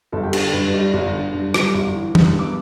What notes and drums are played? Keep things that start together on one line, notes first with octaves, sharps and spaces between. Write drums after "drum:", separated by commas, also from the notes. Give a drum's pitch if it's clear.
G1 A4
G4
D3 A4, drum: cymbal
G2 B4
G3 D5
G1
D3
G2
G3, drum: rim click
G1
E3
G2, drum: tom
B3 D6